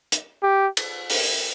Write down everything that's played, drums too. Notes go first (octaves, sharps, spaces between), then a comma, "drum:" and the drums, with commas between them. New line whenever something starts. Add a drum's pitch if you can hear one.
drum: hi-hat
G4
drum: cymbal
drum: open hi-hat